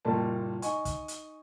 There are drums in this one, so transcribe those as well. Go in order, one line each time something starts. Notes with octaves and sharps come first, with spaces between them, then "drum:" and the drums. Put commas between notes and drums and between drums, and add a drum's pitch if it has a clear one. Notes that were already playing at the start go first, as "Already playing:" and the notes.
F#1 A#2 G3 A#4 A5
D#4 G#5 C#6, drum: hi-hat
drum: kick, hi-hat
drum: hi-hat